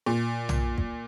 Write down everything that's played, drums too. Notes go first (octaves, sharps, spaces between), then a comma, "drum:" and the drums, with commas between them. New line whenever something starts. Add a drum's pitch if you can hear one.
A#2
drum: tom
drum: kick